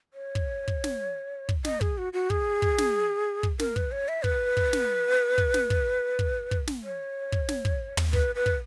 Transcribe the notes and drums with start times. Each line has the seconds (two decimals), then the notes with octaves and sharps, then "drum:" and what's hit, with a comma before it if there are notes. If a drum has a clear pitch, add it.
0.14 C#5
0.35 drum: kick
0.68 drum: kick
0.84 drum: snare
1.49 drum: kick
1.65 D#5, drum: snare
1.81 G#4, drum: kick
1.98 F#4
2.13 F#4
2.30 G#4, drum: kick
2.62 drum: kick
2.78 drum: snare
3.43 drum: kick
3.59 A#4, drum: snare
3.76 B4, drum: kick
3.92 C#5
4.08 E5
4.24 B4, drum: kick
4.57 drum: kick
4.73 drum: snare
5.38 drum: kick
5.54 drum: snare
5.70 drum: kick
6.19 drum: kick
6.51 drum: kick
6.67 drum: snare
6.84 C#5
7.32 drum: kick
7.49 drum: snare
7.65 drum: kick
7.97 drum: tom
8.13 B4, drum: kick
8.35 B4
8.46 drum: kick